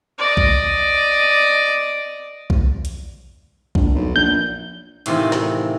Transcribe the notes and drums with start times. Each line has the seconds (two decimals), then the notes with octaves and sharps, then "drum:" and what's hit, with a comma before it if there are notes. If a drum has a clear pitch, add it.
0.19 D5 D#5
0.37 drum: kick B1
2.50 drum: kick B1
2.85 drum: hi-hat
3.75 A#1, drum: kick B1
3.95 B1
4.16 A#1 G6
5.06 A2 C3 D#3 E3 F4, drum: hi-hat
5.32 drum: snare